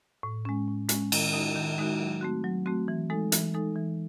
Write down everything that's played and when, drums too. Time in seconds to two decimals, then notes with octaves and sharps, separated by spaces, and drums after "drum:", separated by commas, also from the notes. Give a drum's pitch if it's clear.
0.23 A2
0.45 G#3 C#4
0.68 A2
0.89 G#3 C#4, drum: hi-hat
1.12 D#3, drum: cymbal
1.33 G#3 D#4 F#4
1.56 D#3
1.78 G#3 D#4 F#4
1.99 F#3
2.21 A3 C4 F#4
2.44 F#3
2.66 A3 C4 F#4
2.88 E3
3.10 G#3 D#4 A4
3.32 E3, drum: hi-hat
3.54 G#3 D#4 A4
3.76 E3